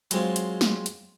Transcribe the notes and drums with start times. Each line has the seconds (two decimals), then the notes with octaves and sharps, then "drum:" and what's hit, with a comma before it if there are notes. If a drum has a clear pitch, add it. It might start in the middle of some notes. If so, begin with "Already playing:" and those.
0.11 F#3 G#3 C4 F4, drum: hi-hat
0.36 drum: hi-hat
0.61 drum: snare
0.86 drum: hi-hat